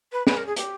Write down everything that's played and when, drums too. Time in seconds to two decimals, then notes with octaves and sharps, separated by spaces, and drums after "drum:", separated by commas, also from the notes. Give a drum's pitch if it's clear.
0.12 B4
0.27 B4, drum: snare
0.36 A#4
0.46 G#4
0.57 G4, drum: hi-hat